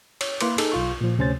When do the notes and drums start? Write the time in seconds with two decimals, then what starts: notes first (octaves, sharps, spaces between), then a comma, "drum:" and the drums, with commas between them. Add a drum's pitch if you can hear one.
0.21 C#5, drum: cymbal
0.41 A#3 E4 B4 C6 D6, drum: cymbal
0.58 D#4 G#4 A4, drum: cymbal
0.72 B1 F4 C#6
1.01 A#2 F3
1.18 D2 C3 C#4 C5 A6